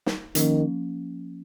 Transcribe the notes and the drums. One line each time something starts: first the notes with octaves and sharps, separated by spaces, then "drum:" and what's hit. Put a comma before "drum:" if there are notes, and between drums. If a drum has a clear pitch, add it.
drum: snare
D#3 F3 A#3 C#4, drum: hi-hat